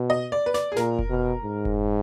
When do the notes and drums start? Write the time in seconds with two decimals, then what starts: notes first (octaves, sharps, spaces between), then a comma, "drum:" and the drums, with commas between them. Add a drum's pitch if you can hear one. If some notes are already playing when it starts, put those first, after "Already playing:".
Already playing: B2
0.10 D#5
0.32 D5
0.46 B4
0.54 D5, drum: snare
0.72 G#4
0.76 A#2 A#4, drum: snare
0.99 drum: kick F1
1.10 B2
1.43 G#2
1.65 drum: kick F1